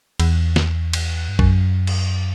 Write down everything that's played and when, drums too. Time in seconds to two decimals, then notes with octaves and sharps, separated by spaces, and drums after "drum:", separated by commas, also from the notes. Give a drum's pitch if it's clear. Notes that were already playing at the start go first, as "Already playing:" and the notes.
0.20 E2, drum: cymbal
0.56 drum: snare
0.93 drum: cymbal
1.29 G2
1.39 F#2, drum: kick A#1
1.87 drum: cymbal